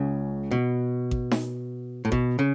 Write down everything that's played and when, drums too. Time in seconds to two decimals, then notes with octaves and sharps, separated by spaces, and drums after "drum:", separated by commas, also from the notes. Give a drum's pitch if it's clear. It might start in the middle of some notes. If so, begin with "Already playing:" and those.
Already playing: C#2 C#3
0.51 B2
1.11 drum: kick A1
1.31 drum: snare D#4
2.05 A2
2.12 B2, drum: kick A1
2.39 C#3